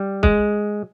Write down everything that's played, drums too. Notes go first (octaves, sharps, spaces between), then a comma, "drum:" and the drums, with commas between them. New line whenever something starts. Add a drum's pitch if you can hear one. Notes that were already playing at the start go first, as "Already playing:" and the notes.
Already playing: G3
G#3, drum: kick